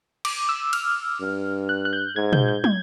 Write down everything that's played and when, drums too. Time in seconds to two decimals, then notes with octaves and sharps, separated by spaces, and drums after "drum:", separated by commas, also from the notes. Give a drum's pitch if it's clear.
0.25 D6, drum: cymbal
0.49 E6
0.73 F6, drum: cymbal
1.21 G2
1.69 F#6
1.85 F#6
1.93 G6
2.16 G#2 G#6
2.33 G6, drum: tom
2.48 G6
2.64 G#6, drum: tom